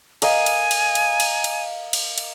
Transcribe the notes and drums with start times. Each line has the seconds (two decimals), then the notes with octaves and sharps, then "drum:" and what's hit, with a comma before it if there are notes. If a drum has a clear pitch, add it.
0.22 A#4 D#5 F5 G#5, drum: cymbal
0.46 drum: cymbal
0.71 drum: cymbal
0.95 drum: cymbal
1.20 drum: cymbal
1.44 drum: cymbal
1.93 drum: cymbal
2.18 drum: cymbal